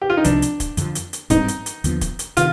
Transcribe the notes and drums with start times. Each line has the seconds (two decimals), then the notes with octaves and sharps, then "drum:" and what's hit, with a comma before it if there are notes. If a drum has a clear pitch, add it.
0.02 G4
0.10 F4
0.17 D#4
0.24 C2 C3 F3 D4, drum: hi-hat
0.42 drum: hi-hat
0.60 drum: kick, hi-hat
0.77 F2 D3 F3, drum: hi-hat
0.95 drum: hi-hat
1.13 drum: hi-hat
1.30 G#2 G3 C4 D#4, drum: kick, hi-hat
1.48 drum: hi-hat
1.66 drum: hi-hat
1.84 D#2 D3 F3 B3, drum: hi-hat
2.01 drum: kick, hi-hat
2.19 drum: hi-hat
2.37 C3 D#3 F4, drum: hi-hat